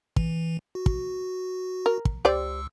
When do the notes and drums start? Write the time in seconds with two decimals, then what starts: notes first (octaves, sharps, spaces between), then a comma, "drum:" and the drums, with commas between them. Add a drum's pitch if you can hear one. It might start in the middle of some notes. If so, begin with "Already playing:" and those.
0.16 E3, drum: kick
0.75 F#4
0.86 drum: kick
1.86 A#4
2.05 drum: kick
2.25 C#2 G4 C5 D5 E6